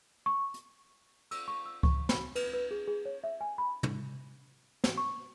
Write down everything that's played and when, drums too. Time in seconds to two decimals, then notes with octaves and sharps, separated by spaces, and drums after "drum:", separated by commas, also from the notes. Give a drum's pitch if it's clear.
0.26 C#6
0.54 drum: hi-hat
1.31 E6, drum: cymbal
1.48 C#6
1.66 E6
1.83 C#6, drum: kick C#2
2.09 B5, drum: snare
2.35 B4, drum: cymbal
2.54 B4
2.71 G#4
2.88 G#4
3.05 C#5
3.24 E5
3.41 G#5
3.58 B5
3.83 drum: tom
4.84 drum: snare
4.98 C#6